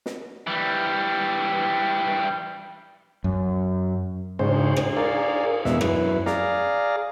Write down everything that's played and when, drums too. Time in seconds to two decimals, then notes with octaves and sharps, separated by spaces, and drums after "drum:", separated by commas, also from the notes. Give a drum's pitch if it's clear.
0.06 drum: snare
0.47 E3 G3
3.24 F#2
4.39 G#2 C#3 C5, drum: cymbal
4.76 drum: rim click
4.97 G#4 A#4 D5 F5
5.65 E2 B2 G#3 E5, drum: snare
5.81 F#2 E4 B4, drum: rim click
6.26 G#4 D5 F5 A#5, drum: snare